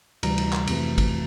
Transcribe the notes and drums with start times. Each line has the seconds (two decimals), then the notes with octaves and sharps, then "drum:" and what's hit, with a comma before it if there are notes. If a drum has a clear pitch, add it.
0.23 D2 C3 E3 G3 A#5, drum: cymbal
0.38 drum: cymbal
0.53 drum: clap
0.67 F2 C3 E3 A3, drum: cymbal
0.98 drum: kick, cymbal